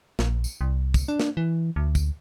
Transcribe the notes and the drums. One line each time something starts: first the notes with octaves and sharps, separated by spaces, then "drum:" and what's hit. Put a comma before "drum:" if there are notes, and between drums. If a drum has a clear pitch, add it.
A#1, drum: snare
drum: tambourine
C2
drum: kick, tambourine
D4
drum: snare
E3
D2
drum: kick, tambourine